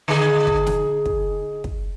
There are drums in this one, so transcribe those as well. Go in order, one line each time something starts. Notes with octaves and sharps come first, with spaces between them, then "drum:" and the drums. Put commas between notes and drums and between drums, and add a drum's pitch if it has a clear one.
D3 D#4 G#4
drum: kick
drum: snare
drum: kick
drum: kick